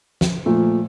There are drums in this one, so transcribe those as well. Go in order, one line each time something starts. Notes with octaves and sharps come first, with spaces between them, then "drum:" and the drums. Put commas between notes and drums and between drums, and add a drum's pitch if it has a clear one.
drum: snare
A#2 F3 A3